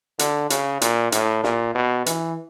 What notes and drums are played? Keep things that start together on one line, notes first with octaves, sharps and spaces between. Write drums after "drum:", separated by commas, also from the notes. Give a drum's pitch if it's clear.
D3, drum: hi-hat
C#3, drum: hi-hat
A#2, drum: hi-hat
A2, drum: hi-hat
A#2, drum: snare
B2
E3, drum: hi-hat